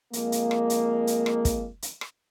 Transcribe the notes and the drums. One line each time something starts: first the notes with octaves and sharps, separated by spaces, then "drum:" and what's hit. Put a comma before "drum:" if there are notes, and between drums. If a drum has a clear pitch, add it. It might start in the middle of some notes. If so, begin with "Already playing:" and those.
F2 G#3 A#3, drum: hi-hat
drum: hi-hat
drum: rim click
drum: hi-hat
drum: hi-hat
drum: rim click
drum: kick, hi-hat
drum: hi-hat
drum: rim click